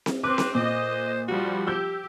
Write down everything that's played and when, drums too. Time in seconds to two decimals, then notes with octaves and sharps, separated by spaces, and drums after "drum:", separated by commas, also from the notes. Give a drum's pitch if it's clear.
0.06 drum: snare C4
0.23 C4 B4 D6 F#6
0.38 drum: snare C4
0.55 A#2 C5 D#5
1.28 F3 G3 F#4
1.67 G4 E6 G6